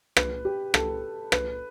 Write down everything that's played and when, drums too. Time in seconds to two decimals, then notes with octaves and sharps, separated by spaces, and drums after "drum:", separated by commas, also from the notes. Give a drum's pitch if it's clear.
0.17 B4, drum: rim click
0.45 G4
0.74 A4, drum: rim click
1.32 B4, drum: rim click